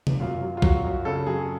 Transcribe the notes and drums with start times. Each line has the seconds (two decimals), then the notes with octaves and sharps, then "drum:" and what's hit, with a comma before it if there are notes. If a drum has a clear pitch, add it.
0.07 drum: tom C3
0.20 F#2 F4
0.42 F#3
0.57 F4
0.62 F#3 F#4, drum: kick B1
0.84 F#2
1.05 C#3 A4
1.27 F#3 G#4